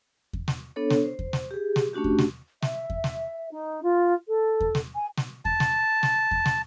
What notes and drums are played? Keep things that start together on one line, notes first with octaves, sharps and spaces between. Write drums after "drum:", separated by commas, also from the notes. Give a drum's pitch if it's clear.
drum: kick E2
drum: snare
B3 D4 A4 C#5
drum: snare
C5
drum: kick E2
drum: snare
G4 G#4
drum: snare
A3 C#4 D4 F#4 G4
drum: kick E2
drum: snare
E5, drum: snare
drum: kick E2
drum: snare
D#4
F4
A4
drum: kick E2
drum: snare
G#5
drum: snare
A5, drum: kick E2
drum: snare
drum: snare
drum: kick E2
drum: snare